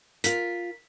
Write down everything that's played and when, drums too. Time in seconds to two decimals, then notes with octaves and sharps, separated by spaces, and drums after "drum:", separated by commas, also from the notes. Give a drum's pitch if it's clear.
0.24 F4 A#4 B6, drum: hi-hat